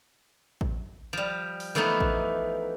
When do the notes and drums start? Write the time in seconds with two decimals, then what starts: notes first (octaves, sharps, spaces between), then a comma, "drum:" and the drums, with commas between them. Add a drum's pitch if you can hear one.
0.61 drum: kick A1
1.13 F3 G3
1.60 drum: open hi-hat
1.75 E3 F3 A3 B3 D#4
2.00 drum: kick A1